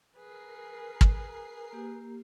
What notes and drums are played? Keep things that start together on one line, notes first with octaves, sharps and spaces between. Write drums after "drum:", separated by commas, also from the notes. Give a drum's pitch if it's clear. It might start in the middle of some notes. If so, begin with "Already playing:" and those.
G#4 A#4 B4 C7
drum: kick
A#3 G4